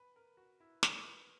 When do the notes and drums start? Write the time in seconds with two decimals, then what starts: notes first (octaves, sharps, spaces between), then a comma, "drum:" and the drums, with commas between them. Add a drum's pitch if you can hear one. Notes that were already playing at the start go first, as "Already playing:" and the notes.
Already playing: E1 E2 B4
0.16 A#4
0.37 F#4
0.60 E4
0.83 A#4, drum: snare
1.05 B4